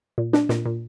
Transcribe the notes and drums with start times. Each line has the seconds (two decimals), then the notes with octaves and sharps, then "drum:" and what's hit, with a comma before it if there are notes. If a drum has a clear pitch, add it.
0.18 A#2
0.33 D4, drum: snare
0.49 A#2, drum: snare
0.65 A#2